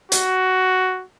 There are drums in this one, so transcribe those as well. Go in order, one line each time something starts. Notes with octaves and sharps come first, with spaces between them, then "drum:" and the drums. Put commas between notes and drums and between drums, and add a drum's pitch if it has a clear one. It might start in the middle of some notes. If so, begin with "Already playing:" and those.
F#4, drum: hi-hat